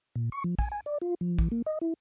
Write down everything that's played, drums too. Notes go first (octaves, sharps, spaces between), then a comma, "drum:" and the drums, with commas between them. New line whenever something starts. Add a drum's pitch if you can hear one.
A#2
C#6
F3
G#5, drum: kick, tambourine
G#5
D5
F4
F3
E3, drum: kick, tambourine
A#3
D#5
E4